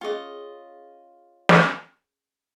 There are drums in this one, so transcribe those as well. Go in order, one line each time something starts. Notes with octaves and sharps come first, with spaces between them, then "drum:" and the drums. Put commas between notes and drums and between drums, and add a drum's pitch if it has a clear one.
C#4 F4 G#4 C#5 D#5 G5
drum: snare